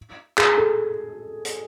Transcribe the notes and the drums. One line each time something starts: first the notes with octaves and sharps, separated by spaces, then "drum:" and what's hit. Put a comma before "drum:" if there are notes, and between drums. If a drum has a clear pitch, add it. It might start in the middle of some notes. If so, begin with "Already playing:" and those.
G#4, drum: clap
A4
drum: hi-hat